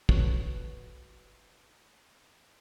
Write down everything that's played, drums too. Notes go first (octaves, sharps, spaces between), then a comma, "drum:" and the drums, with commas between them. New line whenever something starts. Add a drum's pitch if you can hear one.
F#4 A4 B4 C#5, drum: kick